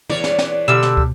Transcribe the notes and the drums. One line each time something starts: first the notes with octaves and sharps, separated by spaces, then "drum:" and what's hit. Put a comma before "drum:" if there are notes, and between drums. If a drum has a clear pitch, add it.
E2 C#5 D5, drum: tom
drum: snare
drum: snare
B2 D3 G3 E6
drum: snare
drum: kick